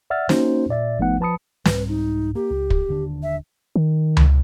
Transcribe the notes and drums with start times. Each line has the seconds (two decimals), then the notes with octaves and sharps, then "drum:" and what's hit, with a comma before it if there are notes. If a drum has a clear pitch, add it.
0.10 D5 E5 F#5 E6 F6 A6
0.29 A#3 C#4 D#4 F#4 C5, drum: snare
0.69 A#2 D5 E5 A6
0.99 G#1 F3 A3 B3 D#4 F#5
1.20 F3 B4 A5 B5 D#6 C#7
1.65 C2 G#2 G3 B4, drum: snare
1.89 D#4
2.35 A#3 G4
2.50 C#2
2.70 drum: kick
2.88 D#1 D3 D4
3.23 E5
3.76 D#3
4.17 drum: tom C#2